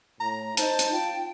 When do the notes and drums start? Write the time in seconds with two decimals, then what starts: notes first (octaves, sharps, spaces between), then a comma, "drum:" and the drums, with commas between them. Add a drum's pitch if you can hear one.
0.20 A2 A#5
0.57 D#4 C5 A5, drum: hi-hat
0.79 drum: hi-hat
0.92 F4 G5